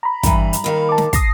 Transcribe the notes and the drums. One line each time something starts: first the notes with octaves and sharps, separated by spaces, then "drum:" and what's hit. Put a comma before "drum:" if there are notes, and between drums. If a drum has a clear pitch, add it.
A#5 B5
G2 E3, drum: kick, hi-hat
drum: hi-hat
D#2 D#3 F5
A5 D6
drum: snare
D#6 A#6 C7, drum: kick, hi-hat